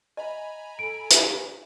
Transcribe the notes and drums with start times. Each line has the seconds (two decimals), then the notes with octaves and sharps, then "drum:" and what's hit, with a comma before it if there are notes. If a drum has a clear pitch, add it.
0.17 D#5 E5 G#5 A#5 B5
0.79 A4 D7
1.10 drum: hi-hat